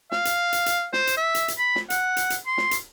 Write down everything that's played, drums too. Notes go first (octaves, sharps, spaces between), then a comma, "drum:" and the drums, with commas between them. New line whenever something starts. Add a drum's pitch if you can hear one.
F5, drum: snare
drum: hi-hat
drum: hi-hat
drum: hi-hat
C5, drum: snare
drum: hi-hat
E5
drum: hi-hat
drum: hi-hat
B5
drum: snare
F#5, drum: hi-hat
drum: hi-hat
drum: hi-hat
C6
drum: snare
drum: hi-hat